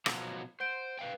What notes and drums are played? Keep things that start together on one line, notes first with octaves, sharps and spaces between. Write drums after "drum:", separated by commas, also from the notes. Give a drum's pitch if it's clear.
B2 F3 F#3, drum: rim click
C5 F#5 G6 D7
B4 F5 G5